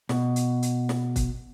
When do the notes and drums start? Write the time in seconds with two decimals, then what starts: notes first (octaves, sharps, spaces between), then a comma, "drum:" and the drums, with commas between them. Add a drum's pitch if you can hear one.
0.09 B2, drum: snare
0.36 drum: hi-hat
0.62 drum: hi-hat
0.89 drum: snare
1.16 drum: kick, hi-hat